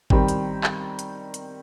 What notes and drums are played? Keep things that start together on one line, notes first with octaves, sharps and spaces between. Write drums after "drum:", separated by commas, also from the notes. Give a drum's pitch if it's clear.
D#3 G3 C4, drum: kick G#1
drum: hi-hat
drum: clap
drum: hi-hat
drum: hi-hat